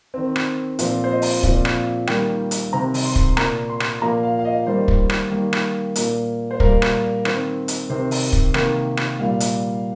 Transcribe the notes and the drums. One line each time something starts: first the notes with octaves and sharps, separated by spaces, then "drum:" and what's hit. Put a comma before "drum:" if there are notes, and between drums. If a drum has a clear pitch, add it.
D#3 C4
drum: rim click
A#2 F3 C4 C5, drum: hi-hat
C5
D#5
drum: open hi-hat
A#2 F3 C4, drum: kick
drum: rim click
D#3 G3 A#3 G5, drum: rim click
drum: hi-hat
C3 D#3 C4 A#5
drum: open hi-hat
C6
drum: kick
A#2 A#3 A#5, drum: rim click
C6
drum: rim click
A#2 F3 A#3 A#5
F5
F5
D#5
D#3 G3 A#3 C5
drum: kick
drum: rim click
D#3 G3 A#3
drum: rim click
A#2 A#3, drum: hi-hat
C5
A#2 G3 A#3 A#4, drum: kick
drum: rim click
D#3 C4, drum: rim click
drum: hi-hat
C3 D#3 C4 C5
drum: open hi-hat
drum: kick
C3 D#3 A#3, drum: rim click
drum: rim click
A#2 G3 A#3 F5
drum: hi-hat